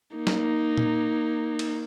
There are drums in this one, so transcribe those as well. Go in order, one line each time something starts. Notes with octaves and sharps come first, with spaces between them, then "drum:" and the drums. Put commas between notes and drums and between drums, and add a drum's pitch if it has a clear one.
A#3 D#4
drum: snare
drum: tom
drum: cymbal